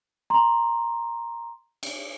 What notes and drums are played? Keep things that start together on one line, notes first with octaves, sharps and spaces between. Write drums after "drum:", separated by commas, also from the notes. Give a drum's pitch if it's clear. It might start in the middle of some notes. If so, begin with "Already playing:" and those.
A#5 C6
drum: cymbal